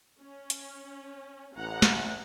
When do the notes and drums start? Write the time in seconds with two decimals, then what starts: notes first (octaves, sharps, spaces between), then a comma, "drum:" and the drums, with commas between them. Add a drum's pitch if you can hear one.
0.20 C#4
0.50 drum: hi-hat
1.56 A1 F#5 A#5
1.82 drum: snare